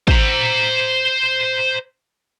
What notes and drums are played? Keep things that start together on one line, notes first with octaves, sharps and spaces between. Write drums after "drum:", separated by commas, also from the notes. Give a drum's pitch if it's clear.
C5 A#5, drum: kick